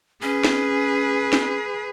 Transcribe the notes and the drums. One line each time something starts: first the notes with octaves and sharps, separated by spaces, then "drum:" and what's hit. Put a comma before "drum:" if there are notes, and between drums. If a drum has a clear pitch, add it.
C#4 G#4 B4
drum: snare
drum: snare